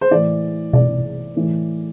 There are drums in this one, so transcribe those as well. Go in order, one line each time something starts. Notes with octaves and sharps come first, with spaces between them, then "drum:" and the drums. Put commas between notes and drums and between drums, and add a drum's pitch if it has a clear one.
C5
A2 E3 D5
D5, drum: tom B2
A2 E3